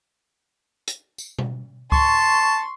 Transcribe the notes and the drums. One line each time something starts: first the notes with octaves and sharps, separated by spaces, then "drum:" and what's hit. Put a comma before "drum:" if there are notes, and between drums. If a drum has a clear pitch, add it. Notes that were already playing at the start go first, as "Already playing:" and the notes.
drum: hi-hat
drum: tambourine
drum: tom B2
A5 C6 C#6, drum: kick C#2